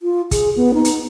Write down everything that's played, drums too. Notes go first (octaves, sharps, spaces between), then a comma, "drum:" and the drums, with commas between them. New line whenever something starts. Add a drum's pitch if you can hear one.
F4
G#4, drum: kick, hi-hat
B3
D#4
drum: hi-hat